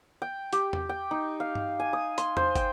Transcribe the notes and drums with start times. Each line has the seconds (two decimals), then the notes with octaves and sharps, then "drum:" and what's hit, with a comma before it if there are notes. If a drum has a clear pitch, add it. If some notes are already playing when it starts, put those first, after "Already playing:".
0.22 G5
0.53 G4, drum: hi-hat
0.73 drum: tom E2
0.89 G5
1.11 D#4
1.40 F5
1.55 drum: tom G2
1.80 G#5
1.93 D#6
2.18 C6, drum: hi-hat
2.37 C5, drum: tom E2
2.56 G5, drum: kick, hi-hat